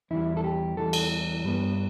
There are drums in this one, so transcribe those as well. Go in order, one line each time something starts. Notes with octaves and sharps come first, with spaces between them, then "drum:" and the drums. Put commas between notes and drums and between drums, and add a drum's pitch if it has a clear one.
E2 E3 G3 E4
A4
G4
E2 E3 G3 A4
drum: cymbal
G2 G3 B3